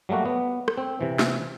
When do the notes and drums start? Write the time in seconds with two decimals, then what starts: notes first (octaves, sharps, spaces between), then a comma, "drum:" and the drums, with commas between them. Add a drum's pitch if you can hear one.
0.09 F#3 G3 A3 A#3 F#4
0.26 B3
0.68 drum: rim click
0.78 C4
1.01 C3 E3
1.19 drum: snare